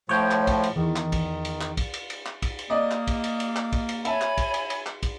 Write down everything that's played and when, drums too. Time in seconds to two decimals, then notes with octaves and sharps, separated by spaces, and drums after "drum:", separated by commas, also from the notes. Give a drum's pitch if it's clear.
0.09 A2 F3 C#5 G5
0.31 drum: clap
0.47 drum: kick, cymbal
0.64 drum: cymbal
0.76 E2 D#3
0.96 drum: clap
1.12 drum: kick, cymbal
1.45 drum: cymbal
1.61 drum: clap
1.77 drum: kick, cymbal
1.94 drum: cymbal
2.10 drum: cymbal
2.26 drum: clap
2.42 drum: kick, cymbal
2.59 drum: cymbal
2.70 A#3 D5 D#5
2.91 drum: clap
3.07 drum: kick, cymbal
3.24 drum: cymbal
3.40 drum: cymbal
3.56 drum: clap
3.72 drum: kick, cymbal
3.89 drum: cymbal
4.05 C#5 E5 G#5 A5 B5, drum: cymbal
4.21 drum: clap
4.38 drum: kick, cymbal
4.54 drum: cymbal
4.70 drum: cymbal
4.86 drum: clap
5.03 drum: kick, cymbal